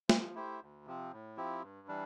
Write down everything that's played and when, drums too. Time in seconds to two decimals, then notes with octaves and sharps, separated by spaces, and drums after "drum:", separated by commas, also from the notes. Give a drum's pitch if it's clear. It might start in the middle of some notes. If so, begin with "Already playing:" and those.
0.09 F3, drum: snare
0.35 A3 E4 G4 C5
0.61 D2
0.86 C3 F3 C4
1.12 A2
1.37 F3 C4 E4 G4
1.62 G2
1.88 E3 G3 D4